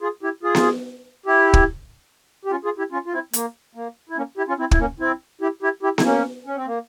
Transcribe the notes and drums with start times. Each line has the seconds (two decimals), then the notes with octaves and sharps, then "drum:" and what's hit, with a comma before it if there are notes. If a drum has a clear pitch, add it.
0.02 F4 G#4
0.23 E4 G4
0.43 F4 G#4
0.55 drum: snare B3
1.26 E4 G4
1.54 drum: kick
2.45 G4
2.51 C#4 F4
2.64 F4 G#4
2.78 E4 G4
2.92 C#4 F4
3.06 F4
3.13 C4 E4
3.33 A#3, drum: hi-hat
3.75 A#3
4.09 E4
4.17 A#3 C#4
4.37 E4 G4
4.48 C#4 F4
4.58 C4 E4
4.71 E4, drum: kick
4.79 A#3 C#4
4.99 C4 E4
5.41 E4 G4
5.62 E4 G4
5.83 E4 G4
5.98 E4, drum: snare B3
6.04 A#3 C#4
6.46 C#4
6.56 C4
6.66 A#3